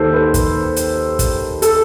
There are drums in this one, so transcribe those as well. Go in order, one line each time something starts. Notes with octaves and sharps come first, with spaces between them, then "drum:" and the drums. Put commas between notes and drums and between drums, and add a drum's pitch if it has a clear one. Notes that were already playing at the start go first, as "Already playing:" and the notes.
Already playing: D#2 D#3 A4 C5
B4
drum: kick, hi-hat
drum: hi-hat
drum: kick, hi-hat
A4, drum: hi-hat